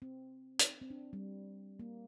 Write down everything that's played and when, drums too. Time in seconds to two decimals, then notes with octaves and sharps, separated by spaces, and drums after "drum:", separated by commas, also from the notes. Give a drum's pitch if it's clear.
0.02 C4
0.59 drum: hi-hat
0.81 C4
0.90 D4
1.13 G3
1.80 A#3